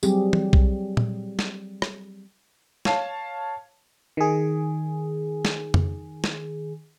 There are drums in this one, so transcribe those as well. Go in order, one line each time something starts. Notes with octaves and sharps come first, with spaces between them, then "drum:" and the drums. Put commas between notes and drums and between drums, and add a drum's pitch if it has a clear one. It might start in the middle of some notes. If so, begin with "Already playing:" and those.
F#3 G3 C4 G4 G#4, drum: tambourine
drum: tom
drum: kick B1
drum: tom A#2
drum: snare
drum: rim click
C#5 F5 A5, drum: snare
D#3 G#4
drum: snare
drum: tom F2
drum: snare